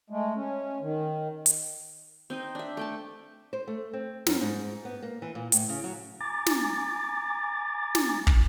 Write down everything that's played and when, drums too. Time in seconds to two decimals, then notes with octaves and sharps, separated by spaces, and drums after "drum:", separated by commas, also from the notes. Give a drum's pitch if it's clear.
0.10 G#3 A3
0.36 C#4
0.82 D#3
1.46 drum: hi-hat
2.30 C4 D#4 D#5
2.55 D4 E5
2.77 A3 G5 A5
3.53 C5
3.67 A3
3.93 C4
4.27 F#2, drum: snare
4.41 G#2
4.85 B3
5.03 A#3
5.22 E3
5.35 A#2
5.52 A2, drum: hi-hat
5.69 C#3
5.84 F#3
6.21 G#5 A#5 D6 A6
6.46 drum: snare
7.95 drum: snare
8.27 drum: kick